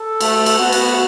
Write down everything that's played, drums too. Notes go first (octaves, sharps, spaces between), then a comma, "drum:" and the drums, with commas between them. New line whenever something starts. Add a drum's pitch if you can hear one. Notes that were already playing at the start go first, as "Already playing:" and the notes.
Already playing: A4
A3, drum: cymbal
drum: cymbal
B3 F#4
drum: cymbal